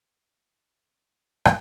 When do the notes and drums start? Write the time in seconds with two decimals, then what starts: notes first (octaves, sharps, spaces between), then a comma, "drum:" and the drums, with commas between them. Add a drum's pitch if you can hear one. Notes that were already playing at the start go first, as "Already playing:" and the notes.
0.15 A#1 E2 F3 B3 F4
0.78 G3 A3 B3 C4
1.45 drum: rim click